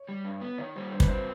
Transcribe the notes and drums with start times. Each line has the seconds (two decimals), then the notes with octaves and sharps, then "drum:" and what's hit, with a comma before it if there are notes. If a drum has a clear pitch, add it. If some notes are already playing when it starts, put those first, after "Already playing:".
Already playing: C#5
0.09 G3
0.24 G2
0.41 B3
0.58 D#3 C#5
0.76 G3 C5
0.92 G2 C5
1.00 B4, drum: kick
1.08 C4 C5